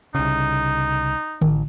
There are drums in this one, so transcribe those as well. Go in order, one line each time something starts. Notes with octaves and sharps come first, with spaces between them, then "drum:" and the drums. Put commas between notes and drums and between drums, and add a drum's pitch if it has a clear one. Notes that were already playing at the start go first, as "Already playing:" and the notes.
C2 C#3 D#4
A1, drum: tom D3